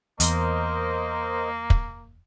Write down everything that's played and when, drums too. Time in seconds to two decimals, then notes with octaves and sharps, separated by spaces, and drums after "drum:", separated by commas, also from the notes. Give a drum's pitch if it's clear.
0.20 E2 A#3 A#4 C5 D#5, drum: hi-hat
1.70 drum: kick